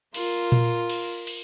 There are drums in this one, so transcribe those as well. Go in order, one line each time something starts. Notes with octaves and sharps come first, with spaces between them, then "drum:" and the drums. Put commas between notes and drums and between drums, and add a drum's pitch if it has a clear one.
F4 A#4, drum: cymbal
drum: tom A#2
drum: cymbal
drum: cymbal